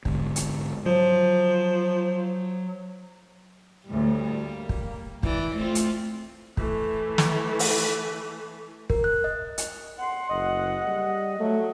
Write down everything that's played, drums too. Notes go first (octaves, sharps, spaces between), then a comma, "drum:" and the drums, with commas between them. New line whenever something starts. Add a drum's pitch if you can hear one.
G#2 D3, drum: kick
drum: hi-hat
F3 F#3
D2 A2 G3
A#3
drum: kick
E3 D5, drum: kick
A3 C4 F4
drum: hi-hat
E3 A3, drum: kick
drum: snare
drum: open hi-hat
A#4, drum: kick
F#6
D#5
drum: hi-hat
F#5 C6
F#1 D#5
G3
F#3 A3